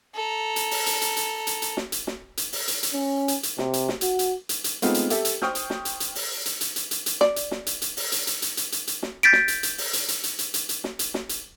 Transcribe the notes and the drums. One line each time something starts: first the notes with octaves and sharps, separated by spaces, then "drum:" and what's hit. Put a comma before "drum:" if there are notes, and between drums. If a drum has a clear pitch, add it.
A4 A#5
drum: hi-hat
drum: open hi-hat
drum: hi-hat
drum: hi-hat
drum: hi-hat
drum: hi-hat
drum: hi-hat
drum: snare
drum: hi-hat
drum: snare
drum: hi-hat
drum: open hi-hat
drum: hi-hat
drum: hi-hat
C#4
drum: hi-hat
drum: hi-hat
C3, drum: snare
drum: hi-hat
drum: snare
F#4, drum: hi-hat
drum: hi-hat
drum: hi-hat
drum: hi-hat
G#3 A3 B3 C4 D#4 F4, drum: hi-hat
drum: hi-hat
G4 A4 E5, drum: hi-hat
drum: hi-hat
C5 G5 C#6 D#6 F6 G6, drum: snare
drum: hi-hat
drum: snare
drum: hi-hat
drum: hi-hat
drum: open hi-hat
drum: hi-hat
drum: hi-hat
drum: hi-hat
drum: hi-hat
drum: hi-hat
D5, drum: snare
drum: hi-hat
drum: snare
drum: hi-hat
drum: hi-hat
drum: open hi-hat
drum: hi-hat
drum: hi-hat
drum: hi-hat
drum: hi-hat
drum: hi-hat
drum: hi-hat
drum: snare
G6 A6 B6 D7
drum: snare
drum: hi-hat
drum: hi-hat
drum: open hi-hat
drum: hi-hat
drum: hi-hat
drum: hi-hat
drum: hi-hat
drum: hi-hat
drum: hi-hat
drum: snare
drum: hi-hat
drum: snare
drum: hi-hat